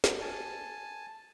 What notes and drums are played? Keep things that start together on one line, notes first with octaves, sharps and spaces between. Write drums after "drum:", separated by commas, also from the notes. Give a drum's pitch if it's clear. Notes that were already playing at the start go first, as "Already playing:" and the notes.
drum: snare
G#5 A5